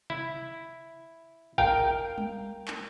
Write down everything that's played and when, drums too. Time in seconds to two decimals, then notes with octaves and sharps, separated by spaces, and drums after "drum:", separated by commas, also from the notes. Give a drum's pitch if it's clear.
0.10 E4, drum: tom C3
1.58 A#4 F5 G5, drum: kick
2.18 drum: tom G3
2.68 drum: clap